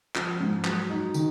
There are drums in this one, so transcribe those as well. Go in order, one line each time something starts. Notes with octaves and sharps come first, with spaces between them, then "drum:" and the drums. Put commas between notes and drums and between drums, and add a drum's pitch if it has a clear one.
F3, drum: clap
G#2
F#3, drum: clap
D#4
D#3, drum: tambourine